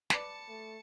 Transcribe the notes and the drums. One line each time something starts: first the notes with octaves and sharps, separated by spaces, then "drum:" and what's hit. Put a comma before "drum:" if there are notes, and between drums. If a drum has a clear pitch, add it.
B4 D5 A5 C#7, drum: snare
A3